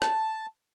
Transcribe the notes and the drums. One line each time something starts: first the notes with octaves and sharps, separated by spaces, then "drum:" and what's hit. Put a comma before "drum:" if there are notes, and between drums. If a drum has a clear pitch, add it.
A5, drum: rim click